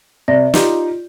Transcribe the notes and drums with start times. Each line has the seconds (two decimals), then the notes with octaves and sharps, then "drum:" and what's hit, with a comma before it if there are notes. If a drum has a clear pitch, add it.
0.28 C3 D5 A#6
0.54 D#4 F4 G4, drum: snare